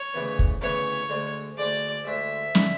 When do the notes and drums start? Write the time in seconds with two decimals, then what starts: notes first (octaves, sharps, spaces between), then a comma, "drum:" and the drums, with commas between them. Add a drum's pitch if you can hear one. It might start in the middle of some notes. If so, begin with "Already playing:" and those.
Already playing: C#5
0.14 D2 C#3 E3 B3
0.39 drum: kick
0.61 D2 C#3 E3 B3 C#5
1.09 D2 D3 G#3
1.57 D2 D3 G#3 D5
2.05 D2 D3 G#3 E5
2.55 D3 G#3, drum: snare